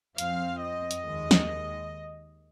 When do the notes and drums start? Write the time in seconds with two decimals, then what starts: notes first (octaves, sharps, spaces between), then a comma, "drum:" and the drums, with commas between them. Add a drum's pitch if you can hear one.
0.18 F2 F3 C4 F5, drum: hi-hat
0.61 D#5
0.91 drum: hi-hat
1.04 D#2 D#3 G#3
1.31 drum: snare